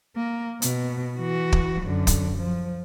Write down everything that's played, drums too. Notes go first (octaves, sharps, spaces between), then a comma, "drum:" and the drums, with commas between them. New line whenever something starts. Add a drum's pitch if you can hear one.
A#3
B2, drum: hi-hat
E3 F#4
drum: kick
F#2 D3
drum: kick, hi-hat
F3